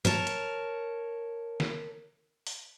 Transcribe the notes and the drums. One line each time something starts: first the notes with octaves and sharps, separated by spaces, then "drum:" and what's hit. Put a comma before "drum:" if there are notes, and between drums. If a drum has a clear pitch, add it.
A#4 C#5 A5, drum: tom G#2
drum: hi-hat
drum: snare
drum: open hi-hat